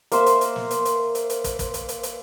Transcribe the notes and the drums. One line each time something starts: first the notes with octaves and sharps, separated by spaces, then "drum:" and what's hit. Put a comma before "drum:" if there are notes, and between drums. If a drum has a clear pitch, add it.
A#3 C5 E5, drum: hi-hat
drum: hi-hat
drum: hi-hat
drum: snare
drum: hi-hat
drum: hi-hat
drum: hi-hat
drum: hi-hat
drum: kick, hi-hat
drum: kick, hi-hat
drum: hi-hat
drum: hi-hat
drum: hi-hat